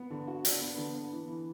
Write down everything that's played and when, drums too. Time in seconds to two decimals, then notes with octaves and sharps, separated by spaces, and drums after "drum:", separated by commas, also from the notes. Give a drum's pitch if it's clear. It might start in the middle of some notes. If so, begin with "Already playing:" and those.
Already playing: B3
0.10 D3
0.28 F#4
0.45 D4, drum: hi-hat
0.61 B3
0.78 D3
0.95 B3
1.12 E3
1.28 E3